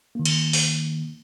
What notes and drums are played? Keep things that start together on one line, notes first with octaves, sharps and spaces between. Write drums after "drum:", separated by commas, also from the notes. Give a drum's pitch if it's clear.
D#3 A#3
drum: cymbal
drum: open hi-hat